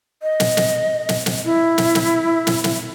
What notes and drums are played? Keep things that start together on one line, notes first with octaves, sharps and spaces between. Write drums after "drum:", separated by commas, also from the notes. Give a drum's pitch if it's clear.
D#5
drum: snare
drum: snare
drum: snare
drum: snare
E4
drum: snare
drum: snare
drum: snare
drum: snare